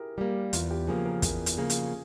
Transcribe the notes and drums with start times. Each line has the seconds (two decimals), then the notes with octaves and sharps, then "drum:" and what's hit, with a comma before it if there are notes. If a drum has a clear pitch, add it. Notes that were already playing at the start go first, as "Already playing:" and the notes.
Already playing: E4 G4 G#4 A#4
0.18 G3 A#3 G4
0.53 E2 F4, drum: hi-hat
0.71 G4
0.87 C#3 F3 A#3 G#4
1.06 A#4
1.22 E2 G#4, drum: kick, hi-hat
1.46 drum: hi-hat
1.57 C#3 F3 A#3 G#4
1.70 drum: hi-hat